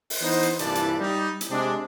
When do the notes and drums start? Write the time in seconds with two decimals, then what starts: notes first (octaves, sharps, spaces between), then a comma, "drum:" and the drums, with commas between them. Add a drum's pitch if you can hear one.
0.10 drum: open hi-hat
0.21 E3 B3 D#4 C5
0.43 drum: hi-hat
0.59 C2 G2 A#2 E3 D5 A5, drum: hi-hat
0.75 drum: hi-hat
1.00 G3 D#4
1.41 drum: hi-hat
1.50 C3 G#3 C4 D4